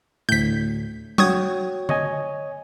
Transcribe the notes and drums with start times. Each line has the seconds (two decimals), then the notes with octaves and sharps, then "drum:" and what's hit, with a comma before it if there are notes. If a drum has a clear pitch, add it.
0.29 D2 A2 G6 B6
1.18 F#4 C#5 G5 C#6 D#6 G#6, drum: tom F#3
1.89 C#5 D#5 G#5, drum: tom D3